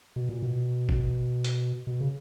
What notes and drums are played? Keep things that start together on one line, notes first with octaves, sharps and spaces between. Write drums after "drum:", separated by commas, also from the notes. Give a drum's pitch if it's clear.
B2
A#2
B2
drum: kick
drum: hi-hat
B2
C#3